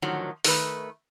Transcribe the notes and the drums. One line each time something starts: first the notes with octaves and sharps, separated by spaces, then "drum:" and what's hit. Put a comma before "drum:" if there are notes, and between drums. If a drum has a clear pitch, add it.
A2 D3 D#3 F3 F#3
D#3 A3 B4, drum: open hi-hat